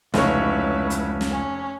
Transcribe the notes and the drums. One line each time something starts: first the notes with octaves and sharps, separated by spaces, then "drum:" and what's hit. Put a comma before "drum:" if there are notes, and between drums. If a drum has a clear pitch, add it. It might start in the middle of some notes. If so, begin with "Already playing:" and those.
F1 C#2 E4 B4 C#5, drum: snare
drum: hi-hat
drum: snare
C#4